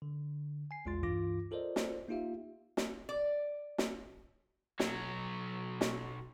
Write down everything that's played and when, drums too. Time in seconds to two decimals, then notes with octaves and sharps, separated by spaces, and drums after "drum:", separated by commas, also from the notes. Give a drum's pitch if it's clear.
0.02 D3
0.71 G#5 C7
0.85 A#1 E2 G#3 F4 C6 A6
1.03 C#2 G2 E3 F4 D6 A#6
1.51 F4 A4 A#4 C5 D5 D#5
1.76 drum: snare
2.08 A#3 D#4 F4 G4 E5 F5
2.77 drum: snare
3.09 D5
3.78 drum: snare
4.80 B1 F#3, drum: snare
5.81 drum: snare